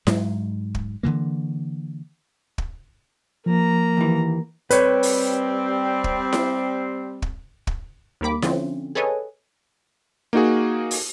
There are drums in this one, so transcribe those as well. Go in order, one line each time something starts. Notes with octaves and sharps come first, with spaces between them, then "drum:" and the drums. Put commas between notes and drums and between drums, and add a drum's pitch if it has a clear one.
G#2 F#3 G#3, drum: snare E4
drum: kick
D3 E3 A#3
drum: kick
F3 A#3 A#5
D#2 E3
G3 C4 B4 C#5, drum: hi-hat
drum: open hi-hat
drum: kick
drum: snare E4
drum: kick
drum: kick
D#2 G3 A#3 B5 D6
D3 F3 C4 C#4, drum: snare E4
G#4 A4 B4 C#5 D#5 G#5
A#3 D#4 F#4 G#4
drum: open hi-hat